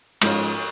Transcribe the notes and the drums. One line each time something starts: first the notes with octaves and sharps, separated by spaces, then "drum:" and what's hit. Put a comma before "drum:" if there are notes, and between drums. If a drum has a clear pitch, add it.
G#2 F3 G#3 C#4 F4, drum: cymbal